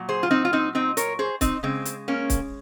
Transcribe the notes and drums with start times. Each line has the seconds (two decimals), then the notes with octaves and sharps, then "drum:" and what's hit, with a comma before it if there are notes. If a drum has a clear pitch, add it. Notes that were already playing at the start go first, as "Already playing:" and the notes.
Already playing: A#2 F#3
0.09 G#4 C5
0.23 F4
0.31 C4 D#4
0.45 F4
0.53 C4 D#4
0.75 C4 D#4
0.97 A#4 C#5, drum: hi-hat
1.19 G#4 C5
1.41 C4 D#4, drum: kick C#1, hi-hat
1.63 C#3 G#3 C4
1.85 drum: hi-hat
2.08 A#3 C#4
2.30 drum: kick C#1, hi-hat